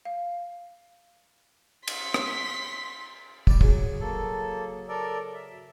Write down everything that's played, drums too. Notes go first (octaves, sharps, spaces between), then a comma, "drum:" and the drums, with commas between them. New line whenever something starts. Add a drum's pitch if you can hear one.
F5
C6 B6, drum: cymbal
drum: rim click
G3 D5, drum: kick
C#3 F#3, drum: kick
A#3 A4
A4 A#4 D5
E5